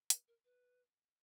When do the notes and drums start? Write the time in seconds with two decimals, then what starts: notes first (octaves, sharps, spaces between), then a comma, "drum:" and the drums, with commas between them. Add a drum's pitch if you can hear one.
0.10 B4, drum: hi-hat
0.28 A#4
0.45 B4